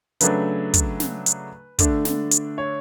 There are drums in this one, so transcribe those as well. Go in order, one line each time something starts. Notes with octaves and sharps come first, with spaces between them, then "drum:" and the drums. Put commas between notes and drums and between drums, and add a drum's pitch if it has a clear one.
C#3 F#3 A3 D4 B4, drum: hi-hat
drum: kick, hi-hat
drum: snare
drum: hi-hat
D3 A3 D4, drum: kick, hi-hat
drum: snare
drum: hi-hat
C#5